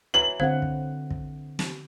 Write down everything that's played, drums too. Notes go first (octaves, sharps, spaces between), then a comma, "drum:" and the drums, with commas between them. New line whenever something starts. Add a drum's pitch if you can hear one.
E3 F#3 F#7
D3 C4 C5 F5 F#5 G#6
drum: kick
drum: kick
drum: snare